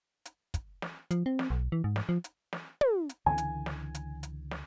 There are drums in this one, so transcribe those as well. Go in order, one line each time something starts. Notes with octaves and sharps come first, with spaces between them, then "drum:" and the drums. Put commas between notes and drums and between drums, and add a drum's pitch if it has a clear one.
drum: hi-hat
drum: kick, hi-hat
drum: snare
F3, drum: hi-hat
C4
drum: snare
B1
E3
G#2
drum: snare
F3
drum: hi-hat
drum: snare
drum: tom
drum: hi-hat
C#2 D3 E3 G#5
drum: hi-hat
drum: snare
drum: hi-hat
drum: hi-hat
drum: snare